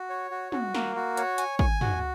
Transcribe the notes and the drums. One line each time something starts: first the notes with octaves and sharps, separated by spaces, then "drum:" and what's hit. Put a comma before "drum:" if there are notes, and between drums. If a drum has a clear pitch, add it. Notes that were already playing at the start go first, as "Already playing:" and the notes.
Already playing: F#4
C#5
F#4
F#4, drum: tom
A#3, drum: snare
F#4
C#5, drum: hi-hat
G#5, drum: hi-hat
G#5, drum: kick
F#4, drum: tom